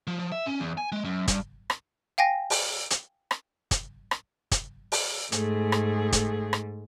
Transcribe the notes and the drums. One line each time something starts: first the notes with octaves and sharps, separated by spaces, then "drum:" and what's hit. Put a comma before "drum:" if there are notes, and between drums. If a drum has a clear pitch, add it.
F3
F3
E5
C#4
E2
G#5
G#3
F#2
G2, drum: kick, hi-hat
drum: rim click
F5 G5 G#5 A#6
drum: open hi-hat
drum: hi-hat
drum: rim click
drum: kick, hi-hat
drum: rim click
drum: kick, hi-hat
drum: open hi-hat
G#2 A3 G#4, drum: hi-hat
drum: rim click
drum: kick, hi-hat
drum: rim click